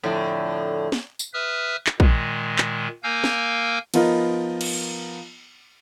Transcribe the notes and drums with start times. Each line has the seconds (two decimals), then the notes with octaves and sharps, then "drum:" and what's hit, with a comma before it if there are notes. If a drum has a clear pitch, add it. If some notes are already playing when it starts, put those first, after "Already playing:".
0.03 F2 A2 D3
0.92 drum: snare
1.19 drum: tambourine
1.34 B4 E5 D#6 F6
1.87 drum: clap
2.00 A#2 D#3 G#3, drum: kick
2.58 drum: clap
3.03 A#3 A#4 F5 G#5 E6 G6
3.24 drum: snare
3.94 F3 B3 D#4 F4 A#4, drum: cymbal
4.61 drum: cymbal